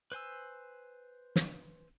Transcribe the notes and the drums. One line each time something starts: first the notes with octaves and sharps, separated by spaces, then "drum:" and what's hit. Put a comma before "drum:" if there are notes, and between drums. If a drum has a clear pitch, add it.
B4 C5 G#5 E6
drum: snare